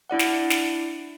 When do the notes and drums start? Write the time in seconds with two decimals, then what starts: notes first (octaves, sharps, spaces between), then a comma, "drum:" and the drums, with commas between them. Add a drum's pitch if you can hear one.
0.10 D4 E4 D5 F#5
0.19 drum: snare
0.50 drum: snare